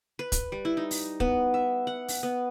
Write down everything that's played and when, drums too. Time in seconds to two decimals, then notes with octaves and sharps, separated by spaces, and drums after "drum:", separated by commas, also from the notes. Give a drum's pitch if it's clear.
0.19 B4
0.32 drum: kick, hi-hat
0.52 G3
0.65 E4
0.77 D#4
0.91 drum: open hi-hat
1.20 B3, drum: kick
1.54 E5
1.87 F#5
2.08 drum: open hi-hat
2.23 B3